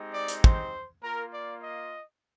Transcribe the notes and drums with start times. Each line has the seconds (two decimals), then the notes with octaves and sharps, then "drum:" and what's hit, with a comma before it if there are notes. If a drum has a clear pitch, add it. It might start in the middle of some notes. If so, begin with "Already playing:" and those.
Already playing: G#3 C4 D#4 G4
0.14 D5
0.28 drum: hi-hat
0.44 C5, drum: kick
1.03 A#3 F4 A#4
1.33 D5
1.63 D#5